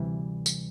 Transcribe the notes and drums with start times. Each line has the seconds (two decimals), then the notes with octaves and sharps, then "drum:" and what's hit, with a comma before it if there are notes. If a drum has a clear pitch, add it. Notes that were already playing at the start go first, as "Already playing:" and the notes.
Already playing: D2 C3 E3 G3
0.46 drum: tambourine